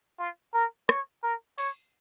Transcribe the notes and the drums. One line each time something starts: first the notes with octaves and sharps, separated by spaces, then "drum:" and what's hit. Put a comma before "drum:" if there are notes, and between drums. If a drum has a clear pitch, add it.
F4
A#4
C#5, drum: rim click
A#4
C#5, drum: open hi-hat